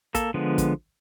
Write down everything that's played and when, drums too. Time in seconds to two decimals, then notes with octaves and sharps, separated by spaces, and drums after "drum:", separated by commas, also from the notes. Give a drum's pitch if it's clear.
0.15 A#3 A4, drum: kick, hi-hat
0.34 D3 F3 G#3 B3
0.58 drum: kick, hi-hat